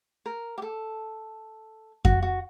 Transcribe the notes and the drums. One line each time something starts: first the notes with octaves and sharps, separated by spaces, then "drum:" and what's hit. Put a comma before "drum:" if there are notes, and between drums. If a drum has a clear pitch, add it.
A#4
G4
A4
F#4, drum: kick F2
F#4